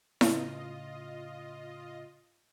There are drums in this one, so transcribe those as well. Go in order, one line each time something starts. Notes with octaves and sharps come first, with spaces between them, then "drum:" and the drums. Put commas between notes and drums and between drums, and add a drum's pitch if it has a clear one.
A2 C#3 F4 D#5, drum: snare E4